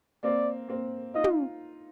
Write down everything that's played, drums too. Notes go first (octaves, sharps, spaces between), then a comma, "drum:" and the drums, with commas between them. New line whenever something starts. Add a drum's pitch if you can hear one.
A#3 C4 D5
A#3 C4
D#4 F4 D#5
drum: tom